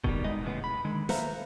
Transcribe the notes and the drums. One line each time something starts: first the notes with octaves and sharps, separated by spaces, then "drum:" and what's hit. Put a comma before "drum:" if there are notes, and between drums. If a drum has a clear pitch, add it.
B2 D#3 G3, drum: kick E1
C2 B2 G#3 B3 D#4 D#5
E2 A2 C#3 G#3 B3
B5
D3 D#3 G#3
A4 B4 C5 E5 F5 A#5, drum: snare